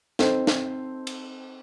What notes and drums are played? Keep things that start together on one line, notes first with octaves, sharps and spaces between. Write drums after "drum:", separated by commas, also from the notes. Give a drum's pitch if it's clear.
C4 D#4 A4 C5, drum: snare
drum: snare
drum: cymbal